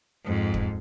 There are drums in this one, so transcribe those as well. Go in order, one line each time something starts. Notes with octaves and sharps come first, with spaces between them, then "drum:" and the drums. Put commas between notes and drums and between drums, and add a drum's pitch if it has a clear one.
F2 G#2
drum: kick